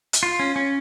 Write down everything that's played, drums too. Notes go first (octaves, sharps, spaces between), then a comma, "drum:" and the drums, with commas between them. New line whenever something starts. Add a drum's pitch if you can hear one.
drum: hi-hat
F4
C#4
C#4